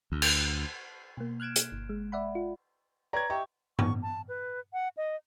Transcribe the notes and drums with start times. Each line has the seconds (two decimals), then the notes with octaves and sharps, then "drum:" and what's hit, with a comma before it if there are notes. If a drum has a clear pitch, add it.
0.12 D2
0.22 drum: cymbal
1.17 B2 A#3
1.40 F6 F#6 G#6 D7 E7
1.56 drum: hi-hat
1.72 G1
1.89 G#3
2.12 D5 E5 F#5 B5
2.35 F4
3.13 B4 C#5 D5 G5 A#5 G#6
3.30 G4 D#5 E5 C#6
3.79 C#6, drum: tom G2
4.02 A5
4.29 B4
4.73 F#5
4.97 D#5